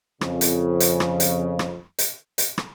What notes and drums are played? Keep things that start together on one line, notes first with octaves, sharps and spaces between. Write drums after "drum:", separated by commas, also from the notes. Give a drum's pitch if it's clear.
F2 C#3, drum: rim click
drum: hi-hat
drum: hi-hat
drum: rim click
drum: hi-hat
drum: rim click
drum: hi-hat
drum: hi-hat
drum: rim click